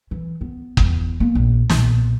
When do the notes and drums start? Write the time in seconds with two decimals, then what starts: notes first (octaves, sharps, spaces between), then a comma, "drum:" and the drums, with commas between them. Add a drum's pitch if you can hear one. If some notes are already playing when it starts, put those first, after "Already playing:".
0.11 E3
0.41 B3
0.77 E2, drum: kick F#1
1.20 A#3 B3
1.35 A#1
1.70 B1 A#2, drum: snare